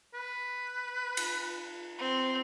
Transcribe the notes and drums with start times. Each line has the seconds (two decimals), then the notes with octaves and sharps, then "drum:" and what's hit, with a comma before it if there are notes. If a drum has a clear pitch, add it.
0.14 B4
1.17 drum: cymbal
1.99 C4